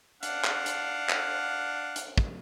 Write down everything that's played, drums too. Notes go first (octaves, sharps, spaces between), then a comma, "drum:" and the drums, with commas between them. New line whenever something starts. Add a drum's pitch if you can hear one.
D4 F5 F#5, drum: hi-hat
drum: clap
drum: hi-hat
drum: clap
drum: hi-hat
drum: kick